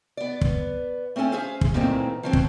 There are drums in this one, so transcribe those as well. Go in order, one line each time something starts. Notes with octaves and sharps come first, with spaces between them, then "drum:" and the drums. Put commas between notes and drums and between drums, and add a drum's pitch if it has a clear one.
B3 D5
drum: kick
A3 C4 C#4 A4 G#5
C#4 G#4 C5 E5 F5
drum: kick
A#2 D#3 E3 A3 A#3 C4
F3 F#3 C4
drum: kick